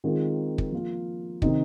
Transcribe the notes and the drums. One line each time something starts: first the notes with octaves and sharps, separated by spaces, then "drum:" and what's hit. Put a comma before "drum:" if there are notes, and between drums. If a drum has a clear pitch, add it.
D#3 G#3 C4 F4 A#4
drum: kick
F3 A#3 F4
C3 D#3 C4 D#4, drum: kick